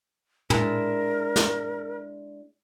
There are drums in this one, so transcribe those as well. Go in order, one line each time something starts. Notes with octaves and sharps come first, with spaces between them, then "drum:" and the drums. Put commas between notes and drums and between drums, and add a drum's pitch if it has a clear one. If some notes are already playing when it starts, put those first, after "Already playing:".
G#3 D4 E4 A#4, drum: tom
drum: snare